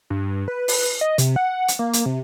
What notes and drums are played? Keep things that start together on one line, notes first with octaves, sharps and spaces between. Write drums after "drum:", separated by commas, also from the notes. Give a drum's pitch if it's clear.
G2
B4
drum: open hi-hat
D#5
C3, drum: hi-hat
F#5
drum: hi-hat
A#3
drum: hi-hat
C3